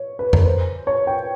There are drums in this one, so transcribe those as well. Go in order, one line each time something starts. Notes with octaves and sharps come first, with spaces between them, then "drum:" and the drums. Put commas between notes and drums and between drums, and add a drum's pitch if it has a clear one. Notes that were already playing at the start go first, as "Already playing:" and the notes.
Already playing: C#5
B4
A#4, drum: tom F2
C5
C#5
G5